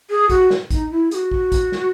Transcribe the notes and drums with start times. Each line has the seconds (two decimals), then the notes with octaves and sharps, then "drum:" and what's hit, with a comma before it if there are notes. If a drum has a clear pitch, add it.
0.10 G#4
0.30 F#4, drum: kick, hi-hat
0.50 drum: snare
0.71 D#4, drum: kick, hi-hat
0.91 E4
1.11 G#4, drum: hi-hat
1.15 F#4
1.31 drum: kick
1.52 drum: kick, hi-hat
1.72 drum: snare